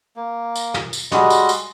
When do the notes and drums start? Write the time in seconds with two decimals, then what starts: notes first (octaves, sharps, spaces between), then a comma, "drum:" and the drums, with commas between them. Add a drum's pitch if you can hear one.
0.16 A#3
0.56 drum: tambourine
0.74 drum: snare
0.93 drum: tambourine
1.12 G3 G#3 F#4 D#5, drum: snare
1.30 drum: tambourine
1.49 drum: tambourine